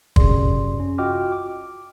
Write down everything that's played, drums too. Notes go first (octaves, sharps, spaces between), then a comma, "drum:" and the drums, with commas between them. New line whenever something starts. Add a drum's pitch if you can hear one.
F#2 C3 G#4 D5 C6, drum: kick
C#4
F4 F#4 D#5 G5 D6 F6
D6